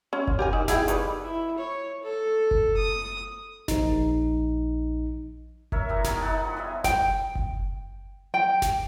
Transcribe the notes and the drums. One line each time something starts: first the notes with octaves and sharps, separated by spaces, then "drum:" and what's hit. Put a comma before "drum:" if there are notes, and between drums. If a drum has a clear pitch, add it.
C#4
drum: kick F#1
G4 A#4 G#5
D#4
E4 G#4 G5, drum: snare F#1
D#3 G3 B4, drum: hi-hat
E4
C#5
A4
drum: kick F#1
D#6
A#1 D#4, drum: snare F#1
A#4 C#5 E5, drum: kick F#1
A2 G3 B3 A#5
A#3 D#4 G#4, drum: snare F#1
D#4 F#5 A5
F3 G3
B3 G#4 D#5 E5
G5, drum: snare F#1
drum: kick F#1
G5
drum: snare F#1